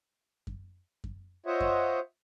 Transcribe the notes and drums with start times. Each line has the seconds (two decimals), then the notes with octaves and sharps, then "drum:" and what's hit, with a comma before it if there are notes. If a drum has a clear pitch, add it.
0.47 drum: kick F#2
1.04 drum: kick F#2
1.46 F4 C5 C#5 D#5 E5 F#5
1.60 drum: kick F#2